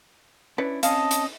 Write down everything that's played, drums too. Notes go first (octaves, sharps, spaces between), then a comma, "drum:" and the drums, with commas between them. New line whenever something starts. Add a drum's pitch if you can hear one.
C#4 D4 E4 B4
C4 C#4 D#5 F5 A5, drum: hi-hat
drum: hi-hat